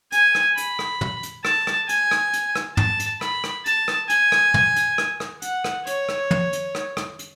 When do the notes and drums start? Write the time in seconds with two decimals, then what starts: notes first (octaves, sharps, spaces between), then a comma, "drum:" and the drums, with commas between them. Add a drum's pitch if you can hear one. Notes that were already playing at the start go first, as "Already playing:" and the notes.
0.12 G#5, drum: hi-hat
0.35 drum: rim click
0.57 B5, drum: hi-hat
0.79 drum: rim click
1.01 drum: tom
1.23 drum: hi-hat
1.45 A5, drum: rim click
1.67 drum: rim click
1.89 G#5, drum: hi-hat
2.11 drum: rim click
2.33 drum: hi-hat
2.55 drum: rim click
2.77 A5, drum: tom
3.00 drum: hi-hat
3.21 B5, drum: rim click
3.44 drum: rim click
3.66 A5, drum: hi-hat
3.88 drum: rim click
4.10 G#5, drum: hi-hat
4.32 drum: rim click
4.54 drum: tom
4.76 drum: hi-hat
4.98 drum: rim click
5.20 drum: rim click
5.42 F#5, drum: hi-hat
5.64 drum: rim click
5.87 C#5, drum: hi-hat
6.09 drum: rim click
6.31 drum: tom
6.53 drum: hi-hat
6.75 drum: rim click
6.97 drum: rim click
7.19 drum: hi-hat